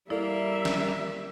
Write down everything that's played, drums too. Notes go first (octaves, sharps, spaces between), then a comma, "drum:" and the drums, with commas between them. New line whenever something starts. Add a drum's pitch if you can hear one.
G3 A#3 E4 A4 D5 E5
drum: snare